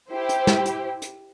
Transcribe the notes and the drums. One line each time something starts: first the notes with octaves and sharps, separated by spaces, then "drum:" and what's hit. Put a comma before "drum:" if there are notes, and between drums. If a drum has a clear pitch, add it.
E4 G4 C5
drum: hi-hat
drum: snare
drum: hi-hat
drum: hi-hat